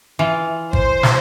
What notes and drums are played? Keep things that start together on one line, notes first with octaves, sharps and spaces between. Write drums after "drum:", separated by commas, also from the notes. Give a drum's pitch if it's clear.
E3 F4
C5, drum: kick
drum: snare